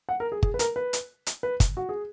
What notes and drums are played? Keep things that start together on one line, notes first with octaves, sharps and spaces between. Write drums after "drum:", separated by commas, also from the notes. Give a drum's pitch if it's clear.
F#5
A#4
G#4
G#4, drum: kick G1
B4
A#4, drum: hi-hat
B4
drum: hi-hat
drum: hi-hat
B4
drum: kick G1, hi-hat
F#4
G#4